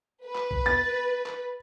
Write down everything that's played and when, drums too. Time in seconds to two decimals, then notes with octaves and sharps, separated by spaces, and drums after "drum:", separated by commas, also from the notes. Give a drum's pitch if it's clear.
0.25 B4
0.36 drum: clap
0.51 drum: kick
0.66 A6
1.26 drum: clap